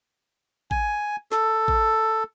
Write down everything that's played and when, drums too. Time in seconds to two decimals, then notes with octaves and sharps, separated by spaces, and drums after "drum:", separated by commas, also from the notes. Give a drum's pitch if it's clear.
0.71 G#5, drum: kick A1
1.32 A4, drum: snare
1.68 drum: kick A1